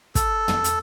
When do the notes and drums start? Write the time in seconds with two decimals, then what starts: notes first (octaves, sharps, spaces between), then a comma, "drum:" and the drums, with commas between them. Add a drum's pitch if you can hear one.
0.15 A4, drum: kick, hi-hat
0.48 drum: tom
0.64 drum: hi-hat